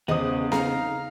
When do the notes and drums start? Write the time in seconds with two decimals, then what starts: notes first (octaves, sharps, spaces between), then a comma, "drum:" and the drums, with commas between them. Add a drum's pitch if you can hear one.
0.08 E2 C#3 G3 B3 G#4 C5 D#5 D#6
0.52 D#4 G#4 F5 A#5, drum: snare C4